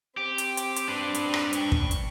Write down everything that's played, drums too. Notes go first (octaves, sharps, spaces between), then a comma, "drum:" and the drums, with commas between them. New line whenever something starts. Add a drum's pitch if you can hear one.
C4 G4
drum: hi-hat
drum: hi-hat
drum: hi-hat
D4 B4
drum: hi-hat
drum: rim click
G5 C#6, drum: hi-hat
drum: kick
drum: hi-hat